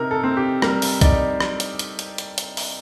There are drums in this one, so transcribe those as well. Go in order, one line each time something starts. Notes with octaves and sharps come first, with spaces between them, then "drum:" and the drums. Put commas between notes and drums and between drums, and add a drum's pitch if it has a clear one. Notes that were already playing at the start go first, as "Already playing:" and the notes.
Already playing: C3 D#4 A#4
A4
C4
G4
G3 A#4, drum: rim click
drum: open hi-hat
D#4 D5, drum: kick B1, hi-hat
drum: rim click
drum: hi-hat
drum: hi-hat
drum: hi-hat
drum: hi-hat
drum: hi-hat
drum: open hi-hat